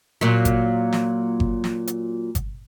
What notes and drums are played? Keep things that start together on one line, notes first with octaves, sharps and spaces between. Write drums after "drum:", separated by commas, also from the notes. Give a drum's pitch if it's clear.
A#2 F#3
drum: kick G1, hi-hat
drum: snare
drum: kick G1
drum: snare
drum: hi-hat
drum: kick G1, hi-hat